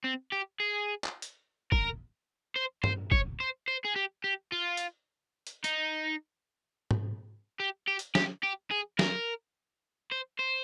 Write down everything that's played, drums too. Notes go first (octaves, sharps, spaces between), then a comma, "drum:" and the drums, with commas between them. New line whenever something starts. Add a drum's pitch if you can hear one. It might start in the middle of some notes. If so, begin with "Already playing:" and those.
C4
G4
G#4
drum: clap
drum: hi-hat
A#4, drum: kick
C5
C5, drum: tom G2
C#5, drum: kick
C5
C5
G#4
G4
G4
F4
drum: hi-hat
drum: hi-hat
D#4, drum: hi-hat
drum: tom G#2
G4
G4
drum: hi-hat
G4, drum: snare
G4
G#4
A#4, drum: snare
C5
C5